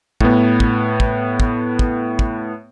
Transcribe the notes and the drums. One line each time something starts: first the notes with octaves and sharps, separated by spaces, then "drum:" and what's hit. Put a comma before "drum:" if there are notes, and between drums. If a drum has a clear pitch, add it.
A2 B3, drum: kick
drum: kick
drum: kick
drum: kick
drum: kick
drum: kick